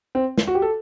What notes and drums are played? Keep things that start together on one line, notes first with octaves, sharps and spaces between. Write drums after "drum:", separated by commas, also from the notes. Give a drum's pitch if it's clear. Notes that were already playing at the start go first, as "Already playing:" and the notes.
C4
drum: snare
F#4
G4
A4